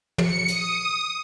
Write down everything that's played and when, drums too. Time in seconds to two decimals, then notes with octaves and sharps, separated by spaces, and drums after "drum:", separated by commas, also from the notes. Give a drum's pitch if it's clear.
0.18 C#7, drum: tom
0.48 D#6, drum: hi-hat